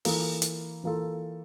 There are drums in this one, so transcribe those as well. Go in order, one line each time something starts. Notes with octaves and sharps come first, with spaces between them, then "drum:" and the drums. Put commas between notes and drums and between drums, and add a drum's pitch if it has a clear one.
E3 A#3 F4 A4, drum: open hi-hat
drum: hi-hat
E3 A#3 F4 A4